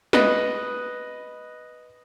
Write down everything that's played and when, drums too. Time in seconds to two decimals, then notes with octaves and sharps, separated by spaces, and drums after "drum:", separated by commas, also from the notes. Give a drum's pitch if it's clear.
0.13 B4 D#5, drum: snare